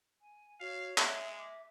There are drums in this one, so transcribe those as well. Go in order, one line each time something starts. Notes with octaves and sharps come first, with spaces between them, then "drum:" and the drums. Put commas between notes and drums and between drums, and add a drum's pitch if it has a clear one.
G#5
F#4 C#5 F5
G#3 E5, drum: clap
E5 D6